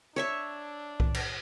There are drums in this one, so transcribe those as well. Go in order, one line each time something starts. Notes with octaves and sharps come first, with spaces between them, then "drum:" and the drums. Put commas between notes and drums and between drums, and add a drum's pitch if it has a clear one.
D4 C#5 E5 C#6
drum: kick C2
drum: cymbal